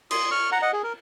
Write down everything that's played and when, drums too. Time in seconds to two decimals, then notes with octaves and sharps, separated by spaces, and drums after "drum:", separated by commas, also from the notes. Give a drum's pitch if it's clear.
0.11 C6 D#6, drum: cymbal
0.31 C#6 F6
0.52 F#5 A#5
0.62 D#5 F#5
0.73 G#4
0.83 A#4